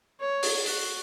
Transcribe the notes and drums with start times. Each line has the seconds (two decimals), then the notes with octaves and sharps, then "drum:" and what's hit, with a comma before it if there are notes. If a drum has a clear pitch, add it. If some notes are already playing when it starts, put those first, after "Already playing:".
0.20 C#5
0.43 drum: open hi-hat
0.66 F#4, drum: open hi-hat